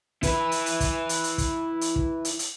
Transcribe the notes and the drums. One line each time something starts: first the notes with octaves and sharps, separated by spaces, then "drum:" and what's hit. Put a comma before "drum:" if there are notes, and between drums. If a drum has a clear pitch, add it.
E4 B4, drum: kick, hi-hat
drum: hi-hat
drum: hi-hat
drum: kick, hi-hat
drum: hi-hat
drum: hi-hat
drum: kick, hi-hat
drum: hi-hat
drum: kick
drum: hi-hat
drum: hi-hat